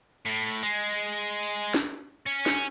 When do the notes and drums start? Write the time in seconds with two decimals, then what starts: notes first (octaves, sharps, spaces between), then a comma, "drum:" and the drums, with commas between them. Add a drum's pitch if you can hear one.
0.26 A2
0.63 G#3
1.43 drum: open hi-hat
1.74 drum: snare
2.26 C#4
2.46 drum: snare